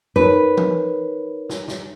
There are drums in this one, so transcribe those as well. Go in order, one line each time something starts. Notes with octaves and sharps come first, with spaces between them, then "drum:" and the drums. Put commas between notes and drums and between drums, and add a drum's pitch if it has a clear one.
D#4 A#4 B4 C#5
drum: tom
drum: snare
drum: snare